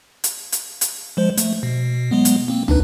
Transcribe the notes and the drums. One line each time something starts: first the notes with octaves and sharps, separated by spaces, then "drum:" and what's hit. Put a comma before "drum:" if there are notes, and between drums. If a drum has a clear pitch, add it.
drum: hi-hat
drum: hi-hat
drum: hi-hat
F3 G#3 C5
A3, drum: hi-hat
B2
F#3 G#3 B3
drum: hi-hat
A#3 C4
D4 D#4 B4, drum: tom